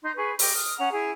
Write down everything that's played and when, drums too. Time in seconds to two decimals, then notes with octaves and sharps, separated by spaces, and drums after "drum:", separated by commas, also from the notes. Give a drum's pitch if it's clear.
0.04 D#4 C6
0.16 G#4 B4 B5 C#6
0.39 G4 D#5, drum: open hi-hat
0.55 D#6 F6
0.78 C#4 F#5 A#5
0.92 E4 G#4